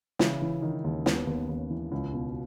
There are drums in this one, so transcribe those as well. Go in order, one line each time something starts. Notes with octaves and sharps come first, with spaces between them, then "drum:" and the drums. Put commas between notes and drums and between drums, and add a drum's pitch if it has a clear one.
C#3 E3 E4, drum: snare
E3
D#3 E3 D#4
D#2
D#2 C#4, drum: snare
B3
D#2 B3
D#2
E3
C#2
B2